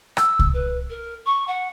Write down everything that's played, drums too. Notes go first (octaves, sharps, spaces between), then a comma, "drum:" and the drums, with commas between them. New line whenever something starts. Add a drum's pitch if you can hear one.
E6, drum: rim click
drum: kick C2
B4
A#4
C#6
F#5